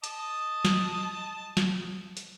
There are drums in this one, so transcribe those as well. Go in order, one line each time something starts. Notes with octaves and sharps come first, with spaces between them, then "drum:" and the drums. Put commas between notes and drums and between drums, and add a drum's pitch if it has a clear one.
D#5 A5 D#6, drum: hi-hat
drum: snare
drum: snare
drum: hi-hat